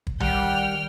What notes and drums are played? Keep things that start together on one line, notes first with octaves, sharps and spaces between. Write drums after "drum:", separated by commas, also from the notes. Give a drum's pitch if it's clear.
drum: kick
D#3 G3 F#5 G5 F6, drum: tom B1